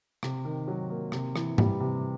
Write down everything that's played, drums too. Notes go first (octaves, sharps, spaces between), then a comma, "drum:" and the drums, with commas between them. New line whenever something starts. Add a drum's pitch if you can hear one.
C3, drum: rim click
D#3
F#3
A#3
C3, drum: rim click
E3, drum: rim click
G3, drum: tom G#2
C3